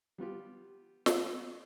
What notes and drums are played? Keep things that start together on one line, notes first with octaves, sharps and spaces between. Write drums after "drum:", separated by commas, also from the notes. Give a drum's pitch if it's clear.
G3 B3 F4 G4
drum: snare